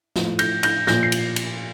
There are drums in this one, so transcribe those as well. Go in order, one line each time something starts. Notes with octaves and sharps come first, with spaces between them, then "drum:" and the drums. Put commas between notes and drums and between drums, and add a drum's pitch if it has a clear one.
A2 F3, drum: snare
G6 A#6, drum: cymbal
G6 A#6, drum: cymbal
A#2 F3 G6 A#6, drum: snare
C7
drum: cymbal
drum: cymbal